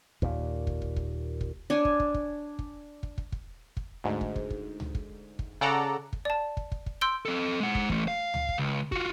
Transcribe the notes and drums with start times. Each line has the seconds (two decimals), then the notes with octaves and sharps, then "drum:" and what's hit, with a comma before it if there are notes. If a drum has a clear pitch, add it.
0.22 D#2 A#2, drum: kick
0.67 drum: kick
0.82 drum: kick
0.96 drum: kick
1.41 drum: kick
1.70 D4 C#5 G#5
1.85 drum: kick
2.00 drum: kick
2.14 drum: kick
2.59 drum: kick
3.03 drum: kick
3.18 drum: kick
3.32 drum: kick
3.77 drum: kick
4.04 D2 G#2
4.21 drum: kick
4.36 drum: kick
4.50 drum: kick
4.80 drum: tom C#2
4.95 drum: kick
5.39 drum: kick
5.61 C#3 A4 D5 F#5 A#5
6.13 drum: kick
6.25 D5 A5
6.57 drum: kick
6.72 drum: kick
6.86 drum: kick
7.01 C6 E6 G6 D7 G7
7.25 C4 A4
7.60 G#3 F#5
7.75 drum: kick
7.90 E3 A3, drum: kick
8.08 F5
8.34 drum: tom C#2
8.49 drum: kick
8.58 C#2
8.92 F4 F#4, drum: kick